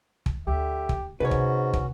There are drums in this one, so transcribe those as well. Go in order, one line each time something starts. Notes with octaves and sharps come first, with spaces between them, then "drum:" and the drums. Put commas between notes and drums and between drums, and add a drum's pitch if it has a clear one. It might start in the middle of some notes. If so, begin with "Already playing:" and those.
drum: kick
D2 D3 G4 E5
drum: kick
G#2 C3 C#4 F#4 B4 C#5
drum: kick
drum: kick